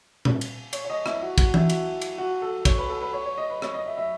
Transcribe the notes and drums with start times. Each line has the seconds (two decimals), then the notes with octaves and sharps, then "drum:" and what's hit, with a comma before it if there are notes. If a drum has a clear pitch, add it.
0.25 drum: tom A#2
0.41 drum: cymbal
0.73 C#5, drum: cymbal
0.85 C#5
0.90 D#5
1.06 E4, drum: rim click
1.22 F#4
1.38 F#4, drum: kick, cymbal
1.54 E4, drum: tom E3
1.70 F#4, drum: cymbal
2.01 drum: cymbal
2.18 F#4
2.42 A4
2.65 C#5, drum: kick, cymbal
2.78 B4
2.90 A4
3.01 B4
3.13 C#5
3.26 C#5
3.38 D#5
3.50 B4
3.62 C#5, drum: rim click
3.74 D#5
3.86 E5
3.97 E5